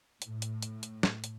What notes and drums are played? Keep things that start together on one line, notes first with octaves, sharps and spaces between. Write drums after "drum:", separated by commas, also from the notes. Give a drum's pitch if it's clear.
A2, drum: hi-hat
drum: hi-hat
drum: hi-hat
drum: hi-hat
drum: snare
drum: hi-hat